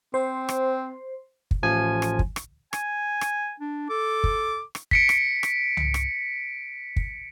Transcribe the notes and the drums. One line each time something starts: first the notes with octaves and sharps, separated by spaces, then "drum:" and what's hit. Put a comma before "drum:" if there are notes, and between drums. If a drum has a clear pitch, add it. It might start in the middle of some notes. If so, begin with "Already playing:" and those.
C4 C5
drum: rim click
drum: kick
A1 F3 G#5
drum: rim click
drum: kick
drum: rim click
G#5, drum: rim click
drum: rim click
D4
A4 D6
drum: kick
drum: rim click
B6 C#7 D7, drum: kick
drum: rim click
drum: rim click
drum: tom C2
drum: rim click
drum: kick